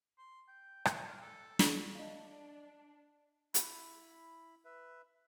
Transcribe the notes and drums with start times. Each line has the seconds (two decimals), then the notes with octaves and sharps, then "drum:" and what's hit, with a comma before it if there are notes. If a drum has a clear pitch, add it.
0.18 C6
0.48 G5
0.85 C#5, drum: rim click
1.08 A#4
1.22 A4
1.59 drum: snare
1.95 D4 D#5 F5
3.54 E4 B5, drum: hi-hat
4.65 B4 E5